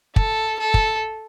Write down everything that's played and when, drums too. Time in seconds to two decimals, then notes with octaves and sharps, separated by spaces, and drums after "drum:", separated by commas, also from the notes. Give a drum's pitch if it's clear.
0.16 A4, drum: kick
0.59 A4
0.74 drum: kick